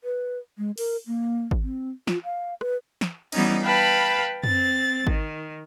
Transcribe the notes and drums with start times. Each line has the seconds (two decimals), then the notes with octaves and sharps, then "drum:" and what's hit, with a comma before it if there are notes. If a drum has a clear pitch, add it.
0.04 B4
0.58 G#3
0.78 A#4, drum: open hi-hat
1.07 A#3
1.51 drum: kick G#1
1.62 C4
2.07 F4, drum: snare
2.24 F5
2.61 B4, drum: rim click
3.01 drum: snare
3.32 E3 G3 B3 C#4 D#4, drum: cymbal
3.63 B4 F5 G5 A5 B5
4.44 C4 A6, drum: tom
5.07 D#3, drum: kick G#1